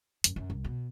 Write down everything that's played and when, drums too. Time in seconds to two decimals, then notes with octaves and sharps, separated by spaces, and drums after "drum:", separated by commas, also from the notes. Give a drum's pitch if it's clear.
0.24 F#2, drum: hi-hat
0.36 F#2
0.50 C2
0.64 B2